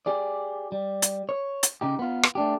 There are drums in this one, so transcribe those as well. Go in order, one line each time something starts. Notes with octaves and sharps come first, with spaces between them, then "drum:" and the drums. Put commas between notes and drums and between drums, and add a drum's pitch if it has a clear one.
G4 G#4 D5
G3
drum: hi-hat
C#5
drum: hi-hat
C#3 D#4 G4
B3 F4
drum: rim click
A3 D4 G4